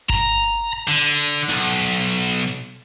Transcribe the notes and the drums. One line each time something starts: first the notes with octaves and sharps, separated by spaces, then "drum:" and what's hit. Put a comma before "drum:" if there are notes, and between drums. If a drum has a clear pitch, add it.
A#5, drum: kick G1
drum: hi-hat
D3
B1, drum: snare